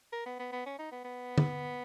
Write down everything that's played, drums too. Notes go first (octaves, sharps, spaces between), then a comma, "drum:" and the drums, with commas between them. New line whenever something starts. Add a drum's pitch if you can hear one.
A#4
B3
B3
B3
C#4
D#4
B3
B3
drum: tom D3